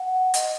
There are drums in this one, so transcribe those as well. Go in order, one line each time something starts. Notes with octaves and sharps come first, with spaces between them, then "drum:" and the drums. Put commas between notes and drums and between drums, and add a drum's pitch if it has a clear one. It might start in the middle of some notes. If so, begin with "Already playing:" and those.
Already playing: F#5
D#5, drum: hi-hat